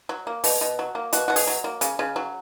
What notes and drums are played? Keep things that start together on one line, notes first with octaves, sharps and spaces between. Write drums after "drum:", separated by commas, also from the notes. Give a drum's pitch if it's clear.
F#3
A#3
B2, drum: open hi-hat
B2
F#3
A#3
B2 F#4, drum: hi-hat
B2 F#4
G#4, drum: open hi-hat
F#3
A#3
C#3, drum: hi-hat
C#3
F#3